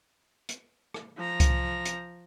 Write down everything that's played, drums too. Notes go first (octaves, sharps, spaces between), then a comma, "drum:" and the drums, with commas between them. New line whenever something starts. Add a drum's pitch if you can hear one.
drum: hi-hat
drum: rim click
F3 A#5
drum: kick C2, hi-hat
drum: hi-hat